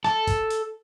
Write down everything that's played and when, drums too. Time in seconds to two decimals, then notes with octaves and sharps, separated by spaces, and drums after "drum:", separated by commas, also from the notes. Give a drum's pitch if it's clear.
0.04 A4, drum: rim click
0.27 drum: kick G1, hi-hat
0.50 drum: hi-hat